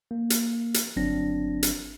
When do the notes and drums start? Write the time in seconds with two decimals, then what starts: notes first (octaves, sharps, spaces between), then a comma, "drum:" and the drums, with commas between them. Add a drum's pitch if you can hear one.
0.11 A#3
0.30 drum: hi-hat
0.74 drum: hi-hat
0.96 G1 F#3 C4 D4 A#6
1.63 drum: hi-hat